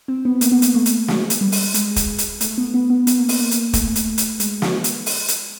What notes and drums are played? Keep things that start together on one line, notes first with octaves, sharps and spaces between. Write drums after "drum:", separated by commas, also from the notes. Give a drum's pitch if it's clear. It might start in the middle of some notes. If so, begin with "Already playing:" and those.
C4
B3
A#3, drum: hi-hat
B3
A#3, drum: hi-hat
A3
drum: hi-hat
G#3, drum: snare
drum: hi-hat
G3
drum: open hi-hat
G#3, drum: hi-hat
drum: kick, hi-hat
drum: hi-hat
A3, drum: hi-hat
B3
B3
B3
B3, drum: hi-hat
A#3
B3, drum: open hi-hat
A#3
drum: hi-hat
A3, drum: kick, hi-hat
drum: hi-hat
drum: hi-hat
G#3, drum: hi-hat
drum: snare
drum: hi-hat
drum: open hi-hat
drum: hi-hat